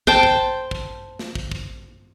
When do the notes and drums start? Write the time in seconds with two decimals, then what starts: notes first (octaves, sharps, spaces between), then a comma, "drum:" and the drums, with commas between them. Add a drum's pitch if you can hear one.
0.07 C5 G5 A5, drum: kick
0.23 drum: kick
0.71 drum: kick
1.19 drum: snare
1.35 drum: kick
1.51 drum: kick